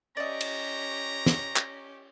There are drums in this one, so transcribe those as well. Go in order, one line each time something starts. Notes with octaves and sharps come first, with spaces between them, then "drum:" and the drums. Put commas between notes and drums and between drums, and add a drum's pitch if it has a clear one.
C#4 G4 D5 D#5 A#5
drum: cymbal
drum: snare
drum: clap